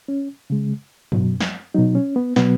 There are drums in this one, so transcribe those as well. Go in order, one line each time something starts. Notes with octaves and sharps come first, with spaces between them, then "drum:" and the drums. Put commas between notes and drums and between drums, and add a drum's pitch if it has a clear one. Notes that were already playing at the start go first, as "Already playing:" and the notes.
C#4
C#3 G#3
B2 F#3, drum: tom F#2
drum: snare
B2 F#3 D#4
C#4
B3
B2 F#3 B3, drum: snare